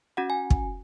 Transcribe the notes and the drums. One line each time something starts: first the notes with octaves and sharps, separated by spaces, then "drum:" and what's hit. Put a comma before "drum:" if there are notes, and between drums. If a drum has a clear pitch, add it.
C#4 F#4 F#5
G#5
drum: kick